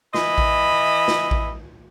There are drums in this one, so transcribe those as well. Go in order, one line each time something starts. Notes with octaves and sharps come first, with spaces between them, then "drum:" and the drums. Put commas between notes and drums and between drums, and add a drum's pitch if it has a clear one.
E3 D#5 E5 B5, drum: snare
drum: kick A1
drum: snare
drum: kick A1